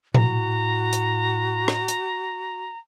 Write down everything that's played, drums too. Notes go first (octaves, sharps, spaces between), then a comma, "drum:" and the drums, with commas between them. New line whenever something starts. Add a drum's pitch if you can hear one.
A2 F#4 A#5, drum: tom A#2
drum: hi-hat
drum: rim click
drum: hi-hat